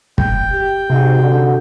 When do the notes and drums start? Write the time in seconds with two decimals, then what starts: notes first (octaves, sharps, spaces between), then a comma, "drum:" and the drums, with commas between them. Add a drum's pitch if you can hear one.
0.18 G5, drum: kick
0.53 G4
0.90 G#2 C3 F#4
1.23 D3